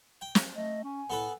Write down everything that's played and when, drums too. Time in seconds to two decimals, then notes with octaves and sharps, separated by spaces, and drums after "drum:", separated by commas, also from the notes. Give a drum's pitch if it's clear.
0.21 G5
0.35 drum: snare
0.56 A3 D#5
0.84 C#4 G#5
1.10 A2 B3 A4 B4